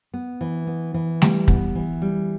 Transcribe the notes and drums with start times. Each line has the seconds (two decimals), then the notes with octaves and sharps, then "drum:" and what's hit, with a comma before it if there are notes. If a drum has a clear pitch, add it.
0.14 B3
0.41 E3
0.67 B3
0.94 E3
1.22 G3, drum: snare A3
1.48 B3, drum: kick
1.75 E3
2.02 G3